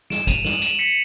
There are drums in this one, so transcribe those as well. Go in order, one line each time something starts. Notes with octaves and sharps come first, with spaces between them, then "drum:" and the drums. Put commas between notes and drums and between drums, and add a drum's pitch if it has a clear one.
D7 E7, drum: snare
D#7 F7, drum: kick, hi-hat
E7 F#7, drum: snare
E7 F#7, drum: hi-hat
B6 C#7